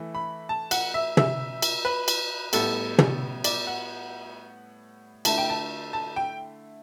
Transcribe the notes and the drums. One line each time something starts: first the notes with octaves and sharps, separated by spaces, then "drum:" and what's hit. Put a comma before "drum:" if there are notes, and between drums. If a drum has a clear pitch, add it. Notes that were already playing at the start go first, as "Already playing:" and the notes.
Already playing: E3 A3 E4
B5
A5
F#5, drum: cymbal
E5
E5, drum: tom
drum: cymbal
B4
drum: cymbal
A2 G3 B3 E4 A4, drum: cymbal
drum: tom
D5, drum: cymbal
F#5
D3 A3 E4 A5, drum: cymbal
G5
A5
A5
G5